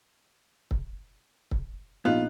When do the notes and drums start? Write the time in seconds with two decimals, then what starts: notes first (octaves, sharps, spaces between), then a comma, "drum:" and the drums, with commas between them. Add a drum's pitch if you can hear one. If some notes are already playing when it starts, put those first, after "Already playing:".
0.71 drum: kick
1.51 drum: kick
2.05 A#1 B3 D#4 F4 F#6